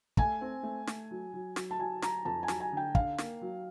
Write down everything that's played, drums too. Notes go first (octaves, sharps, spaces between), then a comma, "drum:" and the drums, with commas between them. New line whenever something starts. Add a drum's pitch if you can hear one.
A3 G#5, drum: kick
C4
A3
A3, drum: snare
F#3
F#3
F#3, drum: snare
A5
F#3 G#5
F#3 A#5, drum: snare
F2 A5
G#5
F#3, drum: snare
G#5
D3 G5
D3 F5, drum: kick
A#3, drum: snare
F#3